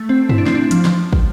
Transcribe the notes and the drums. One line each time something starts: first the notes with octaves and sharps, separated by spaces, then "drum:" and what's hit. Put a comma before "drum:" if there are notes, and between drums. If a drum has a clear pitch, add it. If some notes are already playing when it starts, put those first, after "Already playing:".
Already playing: A3
C4
E4, drum: tom
D4
C4, drum: snare
D4
F3, drum: hi-hat
drum: snare
drum: kick